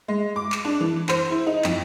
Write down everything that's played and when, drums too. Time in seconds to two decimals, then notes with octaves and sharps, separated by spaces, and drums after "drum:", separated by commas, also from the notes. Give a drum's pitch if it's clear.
0.08 G#3
0.36 D6
0.52 drum: clap
0.65 D4
0.81 E3
1.09 C5, drum: clap
1.30 E4
1.47 D#4
1.64 F2, drum: clap